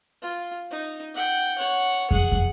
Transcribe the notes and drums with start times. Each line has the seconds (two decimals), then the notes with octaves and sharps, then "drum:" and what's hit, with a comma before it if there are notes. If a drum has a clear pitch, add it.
0.22 F4
0.71 D#4
1.15 F#5 G5
1.58 C#5 F#5
2.11 G#4 F#5, drum: kick
2.32 drum: kick